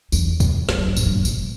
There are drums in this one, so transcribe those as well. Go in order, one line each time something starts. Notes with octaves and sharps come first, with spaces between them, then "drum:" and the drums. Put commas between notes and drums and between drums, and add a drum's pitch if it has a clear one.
E2, drum: tambourine
drum: kick, tambourine
F2, drum: snare
F#2
G2
G#2, drum: tambourine
G2
C#3
C3, drum: tambourine